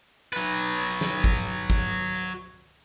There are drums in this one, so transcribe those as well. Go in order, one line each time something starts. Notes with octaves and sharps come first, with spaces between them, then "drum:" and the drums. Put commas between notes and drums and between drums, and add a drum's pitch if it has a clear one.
F#3 B4, drum: hi-hat
drum: hi-hat
drum: snare
drum: kick, hi-hat
drum: kick, hi-hat
drum: hi-hat